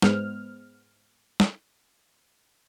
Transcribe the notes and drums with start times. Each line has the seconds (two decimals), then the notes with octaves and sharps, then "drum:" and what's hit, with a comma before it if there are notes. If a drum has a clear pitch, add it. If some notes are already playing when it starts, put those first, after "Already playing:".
0.02 G#2 G#3 B3 C5 F6, drum: snare
1.40 drum: snare